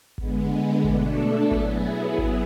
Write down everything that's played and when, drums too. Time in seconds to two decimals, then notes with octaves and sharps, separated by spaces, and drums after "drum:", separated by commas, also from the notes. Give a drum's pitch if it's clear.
0.18 D3 G#3 B3, drum: kick G#1
0.84 B2 A3 D4 A4, drum: kick G#1
1.51 F#3 B3 E4 G#4, drum: kick G#1
2.18 drum: kick G#1